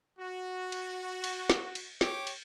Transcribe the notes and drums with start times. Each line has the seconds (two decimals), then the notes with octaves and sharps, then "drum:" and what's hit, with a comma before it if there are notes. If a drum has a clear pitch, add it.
0.19 F#4
0.72 drum: cymbal
1.24 drum: cymbal
1.50 drum: snare
1.75 drum: cymbal
2.01 G4 C#5 G5 D6, drum: snare
2.27 drum: cymbal